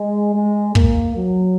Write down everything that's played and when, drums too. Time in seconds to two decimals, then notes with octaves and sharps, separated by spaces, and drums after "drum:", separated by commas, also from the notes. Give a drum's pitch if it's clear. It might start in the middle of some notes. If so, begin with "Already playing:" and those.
Already playing: G#3
0.34 G#3
0.75 A#3, drum: kick
1.17 F#3